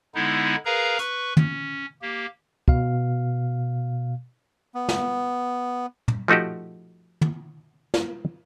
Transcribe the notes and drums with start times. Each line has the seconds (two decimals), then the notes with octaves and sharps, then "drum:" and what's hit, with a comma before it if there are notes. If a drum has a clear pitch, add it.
0.15 D3 G#3 B3 D#4 E4
0.65 G#4 A#4 B4 F5 A#5
0.99 B4 C#6, drum: hi-hat
1.37 C#4, drum: tom
2.02 A#3 G4
2.68 B2 F5, drum: kick
4.75 B3
4.89 drum: snare
6.08 drum: tom
6.28 F3 A3 D#4 F#4 G4
7.21 drum: tom
7.94 drum: snare